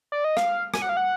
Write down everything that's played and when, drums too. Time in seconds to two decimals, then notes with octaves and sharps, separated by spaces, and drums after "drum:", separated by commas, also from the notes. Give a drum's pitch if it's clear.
0.12 D5
0.24 D#5
0.37 F5, drum: rim click
0.74 G#5, drum: rim click
0.82 F#5
0.89 F5
0.97 F#5